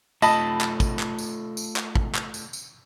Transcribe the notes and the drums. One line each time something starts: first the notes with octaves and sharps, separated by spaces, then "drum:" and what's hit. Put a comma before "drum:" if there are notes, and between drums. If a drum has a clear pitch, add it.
A3 F4 A4 D#5 A5 B5, drum: tambourine
drum: clap
drum: kick, tambourine
drum: clap
drum: tambourine
drum: tambourine
drum: clap
drum: kick
drum: clap
drum: tambourine
drum: tambourine